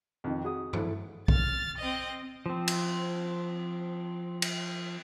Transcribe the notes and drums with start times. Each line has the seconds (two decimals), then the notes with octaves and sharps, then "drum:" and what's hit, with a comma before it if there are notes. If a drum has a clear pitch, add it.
0.24 F2 D#3
0.44 F#4 G#4 D#6
0.73 E4 A4, drum: tom G2
1.28 F6 A6, drum: kick B1
1.78 C4 D#5
2.46 F3 C4
2.68 drum: cymbal
4.42 drum: cymbal